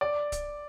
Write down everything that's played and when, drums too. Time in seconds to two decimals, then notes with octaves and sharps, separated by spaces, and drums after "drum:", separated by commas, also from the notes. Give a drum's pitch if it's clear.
0.01 D5
0.32 drum: kick C#1, hi-hat